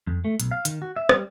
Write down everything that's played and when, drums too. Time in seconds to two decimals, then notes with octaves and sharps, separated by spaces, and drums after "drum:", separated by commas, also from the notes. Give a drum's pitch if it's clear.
0.07 F2
0.25 A3
0.40 B1, drum: hi-hat
0.51 F5
0.65 D#3, drum: hi-hat
0.82 F#4
0.96 E5
1.09 G3, drum: rim click